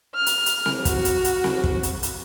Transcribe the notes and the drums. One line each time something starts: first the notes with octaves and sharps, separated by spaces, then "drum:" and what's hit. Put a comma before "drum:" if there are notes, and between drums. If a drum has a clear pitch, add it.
F6
drum: hi-hat
drum: hi-hat
drum: snare C4
F#4, drum: kick, hi-hat
drum: hi-hat
drum: hi-hat
drum: snare C4
drum: kick
drum: hi-hat
drum: hi-hat